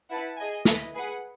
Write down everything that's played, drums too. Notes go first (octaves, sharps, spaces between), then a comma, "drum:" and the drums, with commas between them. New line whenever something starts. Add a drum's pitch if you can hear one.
E4 B4 F#5 A5
G#4 D#5 G#5
E4 B4 D#5, drum: snare
G#4 B4 F#5